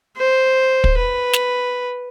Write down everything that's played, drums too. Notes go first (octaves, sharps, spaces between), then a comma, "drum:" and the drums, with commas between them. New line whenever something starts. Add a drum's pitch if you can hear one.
C5
drum: kick
B4
drum: snare